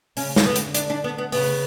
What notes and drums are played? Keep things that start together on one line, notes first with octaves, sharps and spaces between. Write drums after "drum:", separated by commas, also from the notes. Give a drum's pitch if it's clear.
C#3 C#4, drum: open hi-hat
drum: snare
D3 B3
drum: hi-hat
D4, drum: hi-hat
D4
B3
B3
C#3 B3, drum: open hi-hat